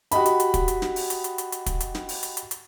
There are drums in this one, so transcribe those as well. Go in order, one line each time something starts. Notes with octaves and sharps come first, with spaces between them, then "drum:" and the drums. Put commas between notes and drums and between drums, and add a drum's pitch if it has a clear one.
F#4 G4 D#5 B5, drum: hi-hat
drum: hi-hat
drum: hi-hat
drum: kick, hi-hat
drum: hi-hat
drum: snare
drum: open hi-hat
drum: hi-hat
drum: hi-hat
drum: hi-hat
drum: hi-hat
drum: kick, hi-hat
drum: hi-hat
drum: snare
drum: open hi-hat
drum: hi-hat
drum: hi-hat
drum: hi-hat